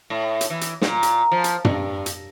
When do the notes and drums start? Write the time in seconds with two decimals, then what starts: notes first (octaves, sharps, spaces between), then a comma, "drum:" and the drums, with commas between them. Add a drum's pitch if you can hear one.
0.10 A2
0.41 drum: hi-hat
0.50 E3
0.61 drum: hi-hat
0.82 A#2, drum: snare
1.03 drum: hi-hat
1.32 F3
1.44 drum: hi-hat
1.65 G2, drum: tom
2.06 drum: hi-hat